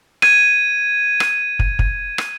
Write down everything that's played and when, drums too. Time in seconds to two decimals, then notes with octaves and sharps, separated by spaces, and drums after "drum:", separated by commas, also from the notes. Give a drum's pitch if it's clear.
0.22 G#6 D#7, drum: rim click
1.20 drum: rim click
1.59 drum: kick
1.79 drum: kick
2.18 drum: rim click